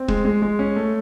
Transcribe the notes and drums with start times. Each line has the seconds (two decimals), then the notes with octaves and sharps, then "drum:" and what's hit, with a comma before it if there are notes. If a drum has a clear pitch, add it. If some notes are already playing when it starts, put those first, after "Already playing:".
Already playing: C4
0.08 G#3, drum: kick
0.25 G#3
0.42 G#3
0.59 C#4
0.76 A3